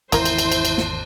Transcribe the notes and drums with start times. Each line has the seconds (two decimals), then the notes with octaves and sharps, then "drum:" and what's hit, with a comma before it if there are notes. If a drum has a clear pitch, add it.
0.12 G#1 E2 C#3 A#3 E4 A#4 C5, drum: cymbal
0.25 drum: cymbal
0.39 drum: cymbal
0.52 drum: cymbal
0.65 drum: cymbal
0.78 drum: snare